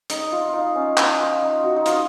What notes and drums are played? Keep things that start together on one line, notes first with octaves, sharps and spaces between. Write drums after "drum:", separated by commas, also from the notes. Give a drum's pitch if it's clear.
D#4, drum: hi-hat
F4
F4
D#4
C#4
D#4, drum: clap
F4
D#4
F#4
D#4
F4, drum: hi-hat